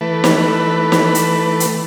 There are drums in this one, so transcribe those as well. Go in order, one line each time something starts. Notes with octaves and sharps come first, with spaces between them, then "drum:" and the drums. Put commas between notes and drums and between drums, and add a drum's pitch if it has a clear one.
E3 A3 B4
drum: snare
drum: snare
drum: hi-hat
drum: hi-hat